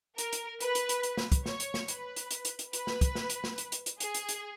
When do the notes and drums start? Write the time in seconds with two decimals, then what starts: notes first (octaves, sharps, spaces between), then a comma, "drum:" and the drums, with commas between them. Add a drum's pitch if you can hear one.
0.18 A#4, drum: hi-hat
0.33 drum: hi-hat
0.60 B4, drum: hi-hat
0.75 drum: hi-hat
0.89 drum: hi-hat
1.03 drum: hi-hat
1.17 drum: snare
1.32 drum: kick, hi-hat
1.46 C#5, drum: snare
1.60 drum: hi-hat
1.74 drum: snare
1.88 B4, drum: hi-hat
2.16 drum: hi-hat
2.31 drum: hi-hat
2.45 drum: hi-hat
2.59 drum: hi-hat
2.73 B4, drum: hi-hat
2.87 drum: snare
3.01 drum: kick, hi-hat
3.15 drum: snare
3.30 drum: hi-hat
3.44 drum: snare
3.58 drum: hi-hat
3.72 drum: hi-hat
3.86 drum: hi-hat
4.00 G#4, drum: hi-hat
4.14 drum: hi-hat
4.29 drum: hi-hat